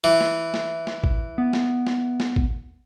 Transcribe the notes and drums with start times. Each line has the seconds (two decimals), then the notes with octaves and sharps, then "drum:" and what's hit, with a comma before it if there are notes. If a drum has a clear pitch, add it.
0.04 E3
0.21 drum: snare
0.54 drum: snare
0.87 drum: snare
1.04 drum: kick A1
1.38 B3
1.53 drum: snare
1.87 drum: snare
2.20 drum: snare
2.36 drum: kick A1